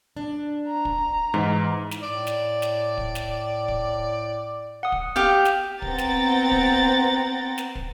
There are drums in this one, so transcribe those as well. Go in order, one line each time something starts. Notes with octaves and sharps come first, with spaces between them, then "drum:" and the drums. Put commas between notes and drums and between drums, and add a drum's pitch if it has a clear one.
D4
A#5
drum: kick
G#2 E3
drum: snare
A2 D5
drum: snare
drum: snare
drum: kick
drum: snare
drum: kick
F#5 D#6
drum: kick
G4 F5 G6
drum: snare
B3 C4 F#5 G5 A#5 A6, drum: kick
drum: snare
drum: kick
drum: snare
drum: kick